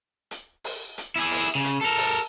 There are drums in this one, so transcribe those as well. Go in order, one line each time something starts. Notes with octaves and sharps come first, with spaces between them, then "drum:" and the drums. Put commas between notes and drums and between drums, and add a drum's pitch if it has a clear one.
drum: hi-hat
drum: open hi-hat
drum: hi-hat
E4 G#4
drum: open hi-hat
C#3
drum: hi-hat
A4 A#4
drum: open hi-hat